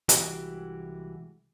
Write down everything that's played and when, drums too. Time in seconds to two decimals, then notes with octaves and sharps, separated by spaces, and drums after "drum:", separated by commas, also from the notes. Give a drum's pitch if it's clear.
0.09 C2 E3 G#3 F#4 G4, drum: hi-hat